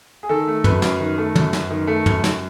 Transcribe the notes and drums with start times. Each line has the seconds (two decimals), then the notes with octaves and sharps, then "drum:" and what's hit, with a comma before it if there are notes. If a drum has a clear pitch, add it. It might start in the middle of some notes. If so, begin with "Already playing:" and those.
0.23 G#4
0.29 D#3 A4
0.47 A3
0.64 F#2 B4, drum: tom
0.82 F#2, drum: snare
1.00 D#3
1.18 A3
1.36 F#2, drum: tom
1.53 F#2, drum: snare
1.71 D#3
1.87 A3
2.06 F#2, drum: tom
2.24 F#2, drum: snare